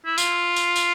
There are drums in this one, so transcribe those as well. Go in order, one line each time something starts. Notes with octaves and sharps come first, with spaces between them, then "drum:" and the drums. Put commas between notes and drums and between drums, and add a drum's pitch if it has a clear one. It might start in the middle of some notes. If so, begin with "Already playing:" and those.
E4
F4, drum: tambourine
drum: tambourine
drum: tambourine